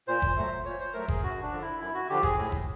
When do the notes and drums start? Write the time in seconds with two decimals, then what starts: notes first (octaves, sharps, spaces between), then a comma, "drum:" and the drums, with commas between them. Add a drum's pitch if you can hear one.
0.08 A#2 C5
0.22 drum: kick F#1
0.36 F#3 A3
0.65 A#2 C#5
0.80 C5
0.93 F#3 A3 A#4
1.08 G#4, drum: kick F#1
1.22 F#2 F#4
1.42 D4
1.51 D3 F3
1.62 E4
1.80 F#2 E4
1.94 F#4
2.09 D3 F3 G4
2.23 G#4, drum: kick F#1
2.38 A2
2.52 drum: kick F#1